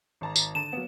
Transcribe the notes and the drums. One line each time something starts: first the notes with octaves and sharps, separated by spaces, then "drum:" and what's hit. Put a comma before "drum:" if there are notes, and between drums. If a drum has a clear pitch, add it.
G#1 A5 A#5
drum: tambourine
D3 A5 D#7 E7
F#3 A#3 B3